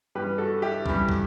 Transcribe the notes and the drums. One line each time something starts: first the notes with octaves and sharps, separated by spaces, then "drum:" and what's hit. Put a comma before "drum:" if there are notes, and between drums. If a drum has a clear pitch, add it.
G2 E3 G3 G4 B4
F#4 A4
E4 G4
G2 E3 G3, drum: kick
drum: kick